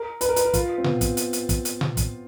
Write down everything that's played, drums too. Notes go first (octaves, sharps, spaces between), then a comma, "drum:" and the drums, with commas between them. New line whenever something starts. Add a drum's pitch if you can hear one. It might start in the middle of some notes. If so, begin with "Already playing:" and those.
Already playing: A#4
B4, drum: hi-hat
A#4
B4, drum: hi-hat
A#4
F4, drum: kick, hi-hat
C4
B3, drum: tom A#2
drum: kick, hi-hat
drum: hi-hat
drum: hi-hat
drum: kick, hi-hat
drum: hi-hat
drum: tom A#2
drum: kick, hi-hat